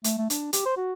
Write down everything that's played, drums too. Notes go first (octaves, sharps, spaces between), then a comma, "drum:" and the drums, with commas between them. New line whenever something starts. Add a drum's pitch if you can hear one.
A3, drum: hi-hat
A3
D4, drum: hi-hat
G4, drum: hi-hat
C5
F#4